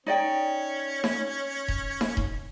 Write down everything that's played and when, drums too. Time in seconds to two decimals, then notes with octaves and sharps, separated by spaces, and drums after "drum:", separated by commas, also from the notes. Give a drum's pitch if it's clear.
0.07 C#4 D#4 C#5 D5 G5
1.04 drum: snare D#4
1.68 drum: kick D#1
2.01 drum: snare D#4
2.17 drum: kick D#1